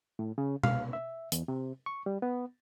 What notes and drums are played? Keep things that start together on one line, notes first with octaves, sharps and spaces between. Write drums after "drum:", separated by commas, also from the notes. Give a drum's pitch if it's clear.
A2
C#3
F5, drum: tom B2
E5
E2, drum: hi-hat
C3
C#6
G3
B3